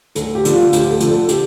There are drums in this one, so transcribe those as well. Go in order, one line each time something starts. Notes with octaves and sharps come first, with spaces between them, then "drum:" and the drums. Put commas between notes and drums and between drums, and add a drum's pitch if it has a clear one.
D2 A4, drum: hi-hat
G4
D3 F3, drum: hi-hat
F4
D2 G4, drum: hi-hat
A4
D3 F3, drum: hi-hat
A4
G4, drum: hi-hat